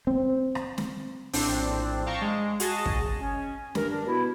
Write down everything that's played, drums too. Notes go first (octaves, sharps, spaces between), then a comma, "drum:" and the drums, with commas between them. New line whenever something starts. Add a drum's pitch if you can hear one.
C4
drum: rim click
drum: snare
A#1 A2 C4 D4, drum: open hi-hat
F5 G5 A5 A#5 C#6
G#3
F#4 G#4 D#5 A5, drum: hi-hat
drum: kick
C#4
G2 A#4, drum: snare
D4
B2 E4